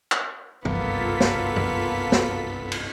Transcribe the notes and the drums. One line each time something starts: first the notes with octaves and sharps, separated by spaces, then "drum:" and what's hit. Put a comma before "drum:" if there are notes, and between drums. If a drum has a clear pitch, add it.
drum: clap
F#1 C2 G2 A#3 B3 F4 A4 B6, drum: tom
drum: snare
drum: tom
drum: snare
drum: cymbal